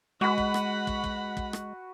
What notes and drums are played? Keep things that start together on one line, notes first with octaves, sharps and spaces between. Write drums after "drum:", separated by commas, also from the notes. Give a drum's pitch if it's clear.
G#3 F#4 B4 F#5 B5
drum: kick
drum: rim click
drum: kick
drum: kick
drum: kick
drum: rim click